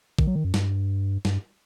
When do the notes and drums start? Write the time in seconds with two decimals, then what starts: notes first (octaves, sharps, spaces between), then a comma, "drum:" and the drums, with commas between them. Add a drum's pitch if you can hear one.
0.19 D#3, drum: kick A#1
0.27 F#3
0.36 D#3
0.44 F#2
0.54 G2, drum: snare
1.25 G2, drum: snare